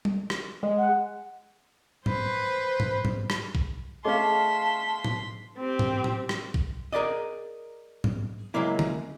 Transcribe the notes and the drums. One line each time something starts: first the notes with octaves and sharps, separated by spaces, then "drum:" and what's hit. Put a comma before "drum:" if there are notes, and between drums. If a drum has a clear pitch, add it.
drum: tom G3
drum: rim click
G#3
F#5
B4 C5, drum: tom G#2
drum: tom G#2
drum: tom G#2
drum: rim click
drum: kick A#1
A3 C#4 G#4 D#5 F5 A5 C6 B6
drum: tom A2
C4 G4
drum: tom G#2
drum: tom A2
drum: rim click
drum: kick A#1
G#4 A#4 B4 D5 D#5
drum: tom G#2
C#3 F#3 G#3 A#3 E4
drum: tom D3